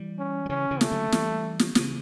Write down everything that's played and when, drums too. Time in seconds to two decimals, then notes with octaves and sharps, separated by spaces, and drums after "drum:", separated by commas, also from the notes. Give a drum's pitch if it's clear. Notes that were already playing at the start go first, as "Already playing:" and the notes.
Already playing: E3 G3
0.19 C#4
0.46 F#3
0.49 C#3 E3 C#4
0.71 C#3 E3
0.81 A3, drum: snare
0.92 D3 F#3
1.12 E3 G3, drum: snare
1.59 drum: snare
1.75 C#3 E3, drum: snare